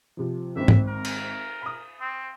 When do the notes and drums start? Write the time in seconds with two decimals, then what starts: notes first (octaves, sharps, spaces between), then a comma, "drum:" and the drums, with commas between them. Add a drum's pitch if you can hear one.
0.17 C3 F3
0.56 G#1 C4 E5
0.68 drum: tom G#2
0.88 A#4
1.05 drum: cymbal
1.62 B5 D#6
2.01 C4